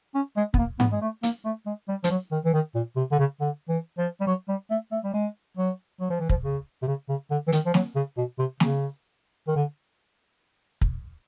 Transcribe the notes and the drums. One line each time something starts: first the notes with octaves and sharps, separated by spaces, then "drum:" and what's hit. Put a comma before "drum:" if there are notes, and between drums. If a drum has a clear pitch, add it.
C#4
G#3
B3, drum: kick
A#3
B3, drum: tom G#2
G#3
A3
A#3, drum: hi-hat
A3
G#3
G3
F3, drum: hi-hat
F#3
D#3
E3
D#3
A#2
C3
D3
C#3
D3
E3
F3
G3
F#3
G3
A3
A3
G3
G#3
F#3
F#3
F3
E3
F3, drum: kick
C#3
C3
C#3
C#3
D3
E3
D#3, drum: hi-hat
F3
F#3, drum: snare
C#3
B2
C3
C#3, drum: snare
D#3
D3
drum: kick